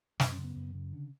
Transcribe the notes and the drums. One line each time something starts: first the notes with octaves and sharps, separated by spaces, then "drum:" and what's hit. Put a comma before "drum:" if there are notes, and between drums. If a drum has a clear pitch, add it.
F#2 D4, drum: snare
C#4
C#3
B3
F#2
C#3
D3